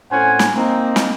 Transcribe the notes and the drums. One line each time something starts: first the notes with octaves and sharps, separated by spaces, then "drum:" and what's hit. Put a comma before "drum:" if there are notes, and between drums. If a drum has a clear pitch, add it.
A2 C4 C#4 C5 F#5 G#5
drum: snare
A#3 C4 D#4
drum: snare